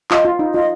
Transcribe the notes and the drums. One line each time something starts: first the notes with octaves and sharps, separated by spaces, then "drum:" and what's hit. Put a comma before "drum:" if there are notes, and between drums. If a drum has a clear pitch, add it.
F4 D#5, drum: clap
F4
D#4
F4 D#5